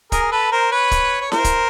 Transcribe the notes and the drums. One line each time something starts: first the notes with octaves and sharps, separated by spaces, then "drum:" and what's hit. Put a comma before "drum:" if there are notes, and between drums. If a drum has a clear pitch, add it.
G#4 A#4, drum: kick, hi-hat
A4 B4
A#4 C5
B4 C#5
drum: kick, hi-hat
C#5
A#4 C5, drum: snare E4
drum: kick, hi-hat